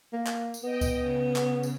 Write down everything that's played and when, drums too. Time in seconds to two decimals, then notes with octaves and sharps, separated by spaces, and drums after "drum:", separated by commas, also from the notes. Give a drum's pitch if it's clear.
0.13 A#3
0.27 drum: clap
0.54 drum: tambourine
0.64 B3 D#5 G5
0.81 drum: kick C#2, tambourine
1.00 C#3
1.36 drum: clap
1.63 drum: tambourine